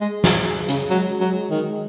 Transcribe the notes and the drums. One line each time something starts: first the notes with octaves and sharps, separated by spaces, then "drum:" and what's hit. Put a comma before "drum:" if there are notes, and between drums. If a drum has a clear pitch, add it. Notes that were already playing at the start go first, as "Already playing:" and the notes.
G#3 G#4
F#3, drum: snare
C#3, drum: hi-hat
F#3 G#3
F#3
D#3